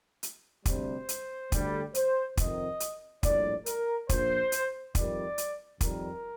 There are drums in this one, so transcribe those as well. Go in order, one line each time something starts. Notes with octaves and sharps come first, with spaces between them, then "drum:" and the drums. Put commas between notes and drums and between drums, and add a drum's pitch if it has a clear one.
drum: hi-hat
D2 C3 G3 C5, drum: kick, hi-hat
drum: hi-hat
D2 D3 G3, drum: kick, hi-hat
C5, drum: hi-hat
F2 C3 D#3 D#5, drum: kick, hi-hat
drum: hi-hat
A#1 A2 G3 D5, drum: kick, hi-hat
A#4, drum: hi-hat
A#1 A#2 F3 C5, drum: kick, hi-hat
drum: hi-hat
F2 D#3 G3 D5, drum: kick, hi-hat
drum: hi-hat
F2 D#3 G3 A#4, drum: kick, hi-hat